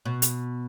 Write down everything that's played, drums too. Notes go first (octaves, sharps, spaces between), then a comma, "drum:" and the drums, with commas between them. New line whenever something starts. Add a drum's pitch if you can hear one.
B2
drum: hi-hat